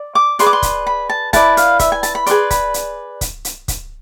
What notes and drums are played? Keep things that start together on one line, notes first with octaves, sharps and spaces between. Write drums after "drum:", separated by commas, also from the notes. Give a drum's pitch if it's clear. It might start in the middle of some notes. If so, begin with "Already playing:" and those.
Already playing: D5
D6
G#4 B4 D5 C6, drum: hi-hat
D6
C6
drum: kick, hi-hat
B5
A5
E4 B4 D5 A5, drum: kick, hi-hat
F5, drum: hi-hat
E5, drum: kick, hi-hat
G#5
A5, drum: hi-hat
B5
G#4 B4 D5 C6, drum: hi-hat
B5, drum: kick, hi-hat
drum: hi-hat
drum: kick, hi-hat
drum: hi-hat
drum: kick, hi-hat